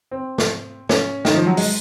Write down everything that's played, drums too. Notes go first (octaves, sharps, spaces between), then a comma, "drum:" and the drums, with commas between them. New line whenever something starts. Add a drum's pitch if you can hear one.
C4
drum: snare
C#4, drum: snare
D#3, drum: snare
F3
F#3
G#3, drum: open hi-hat